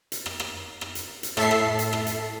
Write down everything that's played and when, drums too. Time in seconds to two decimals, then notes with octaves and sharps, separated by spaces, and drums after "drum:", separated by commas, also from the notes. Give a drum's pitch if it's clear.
0.12 drum: hi-hat
0.26 drum: rim click
0.40 drum: rim click
0.81 drum: rim click
0.95 drum: hi-hat
1.23 drum: hi-hat
1.37 A2 A4 E5 C7, drum: rim click
1.51 drum: rim click
1.79 drum: hi-hat
1.93 drum: rim click
2.07 drum: hi-hat